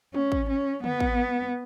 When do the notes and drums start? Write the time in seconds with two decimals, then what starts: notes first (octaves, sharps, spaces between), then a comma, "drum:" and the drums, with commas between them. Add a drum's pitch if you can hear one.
0.14 C#4, drum: tom
0.32 drum: kick
0.49 C#4
0.84 B3, drum: tom
1.00 drum: kick